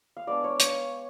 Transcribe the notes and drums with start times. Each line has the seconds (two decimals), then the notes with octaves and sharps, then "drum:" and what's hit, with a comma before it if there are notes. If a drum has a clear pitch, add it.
0.17 F5
0.27 G#3 B3 D4 D5
0.44 C#5
0.60 C#5, drum: hi-hat